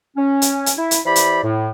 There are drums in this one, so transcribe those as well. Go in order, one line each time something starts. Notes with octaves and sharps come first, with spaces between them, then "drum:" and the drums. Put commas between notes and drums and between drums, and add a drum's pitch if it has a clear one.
C#4
drum: hi-hat
drum: hi-hat
E4
drum: hi-hat
E3 G4 C5 D5 B5
drum: hi-hat
A2